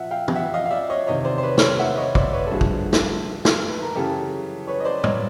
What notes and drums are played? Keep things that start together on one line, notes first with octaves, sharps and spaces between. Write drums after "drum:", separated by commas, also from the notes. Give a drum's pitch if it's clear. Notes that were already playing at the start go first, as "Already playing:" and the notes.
Already playing: A#2 F3 E5 F#5
F5 G5
G5, drum: tom
E5 F#5
D#5 F5
F5
D5 E5
C#5 D#5
E2 C3 D#3 C#5 D#5
C5 D5
C5
B4 C#5
C#5, drum: snare
C5 D5
E5 F#5
C#5 D#5
C5 D5, drum: kick
B4 C#5
A4
G2 D3 F3 F#4 G#4
drum: kick
drum: snare
drum: snare
B4
A#4
F#2 C#3 E3 G4 A4
B4 C#5
D#5
C5 D5
C#5 D#5, drum: tom A2